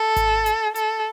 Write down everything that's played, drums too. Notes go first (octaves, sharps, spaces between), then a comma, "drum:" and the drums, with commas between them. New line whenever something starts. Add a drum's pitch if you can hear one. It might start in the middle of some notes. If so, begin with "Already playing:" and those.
Already playing: A4
drum: kick G#1, hi-hat
drum: hi-hat
A4, drum: hi-hat